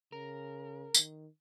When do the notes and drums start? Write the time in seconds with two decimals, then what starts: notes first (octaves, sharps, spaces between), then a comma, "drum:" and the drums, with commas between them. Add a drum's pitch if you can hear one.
0.12 C#3 A#4
0.94 D#3, drum: tambourine